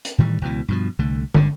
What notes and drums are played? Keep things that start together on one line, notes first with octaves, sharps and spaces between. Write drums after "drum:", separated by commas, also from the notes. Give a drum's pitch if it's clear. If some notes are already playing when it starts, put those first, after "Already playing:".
drum: hi-hat
A2 D#3 E3 G3
C#2 B2 E3
G2 B2 F3
C2 D3 A3
G1 D3, drum: tom